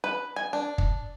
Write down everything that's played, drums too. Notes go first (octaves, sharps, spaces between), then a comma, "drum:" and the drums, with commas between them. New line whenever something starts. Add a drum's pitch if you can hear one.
B4
G#5
D4
drum: kick